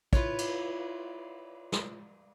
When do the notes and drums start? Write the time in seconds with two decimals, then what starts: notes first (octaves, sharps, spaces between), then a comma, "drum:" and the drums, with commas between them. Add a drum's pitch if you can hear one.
0.13 E4 F4 B4 C#5, drum: kick
0.39 drum: cymbal
1.72 drum: snare